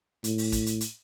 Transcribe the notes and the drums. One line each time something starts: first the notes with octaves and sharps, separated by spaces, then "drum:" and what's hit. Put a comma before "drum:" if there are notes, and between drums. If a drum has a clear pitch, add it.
A2, drum: hi-hat
drum: open hi-hat
drum: kick, hi-hat
drum: hi-hat
drum: hi-hat